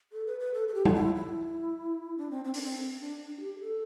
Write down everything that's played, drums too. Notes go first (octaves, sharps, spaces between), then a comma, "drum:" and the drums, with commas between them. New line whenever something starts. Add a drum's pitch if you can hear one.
A4
B4
B4
A4
A4
G4
F4, drum: tom G3
E4
E4
D4
C4
C4
D4, drum: open hi-hat
C4
D4
D4
G4
A4